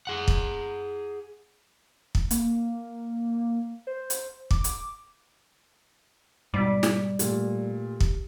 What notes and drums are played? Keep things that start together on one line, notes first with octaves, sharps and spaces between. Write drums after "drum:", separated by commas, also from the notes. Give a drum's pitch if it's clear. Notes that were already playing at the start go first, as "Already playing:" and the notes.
G#4 F#5
drum: kick
drum: kick
A#3, drum: hi-hat
C5
drum: hi-hat
D6, drum: kick
drum: hi-hat
G#2 B2 G3 D6 B6
drum: snare
A#2 A3 G4, drum: hi-hat
drum: kick